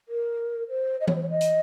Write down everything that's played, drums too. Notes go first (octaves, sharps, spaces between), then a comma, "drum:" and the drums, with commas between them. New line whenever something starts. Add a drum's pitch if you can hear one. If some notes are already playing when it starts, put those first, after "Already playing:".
A#4
C5
D#5
C#5, drum: tom E3
C5
C#5
D#5
drum: hi-hat